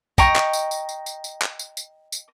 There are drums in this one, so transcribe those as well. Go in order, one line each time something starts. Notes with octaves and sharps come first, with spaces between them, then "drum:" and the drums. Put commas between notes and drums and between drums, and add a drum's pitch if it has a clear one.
D#5 G5 A#5 C#6, drum: kick, tambourine
drum: clap
drum: tambourine
drum: tambourine
drum: tambourine
drum: tambourine
drum: tambourine
drum: clap
drum: tambourine
drum: tambourine
drum: tambourine